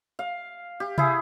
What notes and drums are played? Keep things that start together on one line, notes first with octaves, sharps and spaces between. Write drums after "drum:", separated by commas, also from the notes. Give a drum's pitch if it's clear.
F5
G4
E4 G#4, drum: tom C3